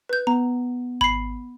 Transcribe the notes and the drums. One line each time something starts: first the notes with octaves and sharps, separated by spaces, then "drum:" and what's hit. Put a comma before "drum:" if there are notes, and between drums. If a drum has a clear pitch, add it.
B4 G6
B3 A#5
B5 C7, drum: kick G#1